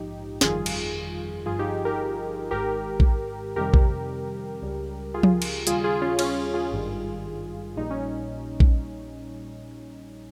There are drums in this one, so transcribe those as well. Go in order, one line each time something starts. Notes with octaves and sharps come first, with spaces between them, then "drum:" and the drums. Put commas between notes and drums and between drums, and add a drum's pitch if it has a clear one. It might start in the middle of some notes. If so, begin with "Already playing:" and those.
Already playing: A#1 G#2 F3 D#4 G4
G1 F2 D#3 G3 F4 G#4, drum: snare
drum: cymbal
G1 G2 F3 F4 G#4
D#4 G4
G4 A#4
G#1 G#2 D#3 G4 A#4
drum: kick
F2 C3 D#3 G3 G4 A#4
drum: kick
C#2 C#3 G3
F4 G#4
drum: tom F3
drum: cymbal
D#2 C#3 G3 F4 G#4, drum: hi-hat
F4 G#4
C#4 F4
C#4 F4, drum: cymbal
F4 G#4
G#1 G2 D#3 G3
A#1 A#2 G3 D#4
C#4
drum: kick